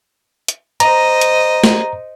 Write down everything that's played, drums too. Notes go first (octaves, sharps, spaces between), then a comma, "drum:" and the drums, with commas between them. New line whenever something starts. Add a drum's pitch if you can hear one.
drum: hi-hat
C5 D#5 A#5, drum: hi-hat
drum: hi-hat
drum: snare